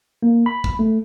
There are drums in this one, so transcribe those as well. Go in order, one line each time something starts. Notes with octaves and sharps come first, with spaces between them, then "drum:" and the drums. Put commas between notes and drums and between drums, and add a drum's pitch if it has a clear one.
A#3
B5
drum: kick
A3